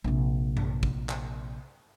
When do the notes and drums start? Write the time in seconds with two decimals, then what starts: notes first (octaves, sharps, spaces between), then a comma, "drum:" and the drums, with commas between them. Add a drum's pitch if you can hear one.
0.04 A#1 C3
0.57 drum: tom G2
0.83 drum: kick
1.09 drum: clap